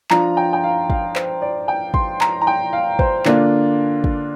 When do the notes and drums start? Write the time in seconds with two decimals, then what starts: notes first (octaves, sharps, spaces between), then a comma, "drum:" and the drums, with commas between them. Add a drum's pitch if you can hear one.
0.10 F3 D4 F4 A#5, drum: clap
0.37 G5
0.53 G5
0.64 F5
0.90 F5, drum: kick
1.16 C5, drum: clap
1.42 D5
1.68 G5
1.94 C6, drum: kick
2.21 A#5, drum: clap
2.41 A#5
2.47 G5
2.73 F5
2.99 C5, drum: kick
3.25 D3 A#3 D4 F4, drum: clap
4.04 drum: kick